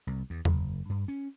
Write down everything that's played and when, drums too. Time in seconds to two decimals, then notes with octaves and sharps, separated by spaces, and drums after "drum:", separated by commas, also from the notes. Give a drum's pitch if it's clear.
0.07 C2
0.30 E2
0.45 F#1, drum: tom E2
0.89 G2
1.08 C#4